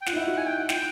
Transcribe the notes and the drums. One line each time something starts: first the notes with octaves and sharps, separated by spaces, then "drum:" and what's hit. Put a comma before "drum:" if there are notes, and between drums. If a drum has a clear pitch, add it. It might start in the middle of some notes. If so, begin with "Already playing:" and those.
G5
F4 F#5, drum: snare
D#4
E4
F#4
G#5
G5
F#5
F4 G5, drum: snare